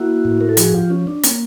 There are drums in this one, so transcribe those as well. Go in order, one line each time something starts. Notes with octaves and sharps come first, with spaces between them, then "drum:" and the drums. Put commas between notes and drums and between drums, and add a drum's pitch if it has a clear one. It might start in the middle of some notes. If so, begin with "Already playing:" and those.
Already playing: A#3 E4 F#4
A2
A#4
A4
F3 F#4 G#4, drum: hi-hat
F4 G4
C#4
D4
A#3 C#4, drum: hi-hat